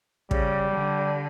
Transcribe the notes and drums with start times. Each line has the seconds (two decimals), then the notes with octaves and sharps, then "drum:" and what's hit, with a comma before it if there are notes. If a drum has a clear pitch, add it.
0.31 C#3 G3, drum: kick
0.70 D3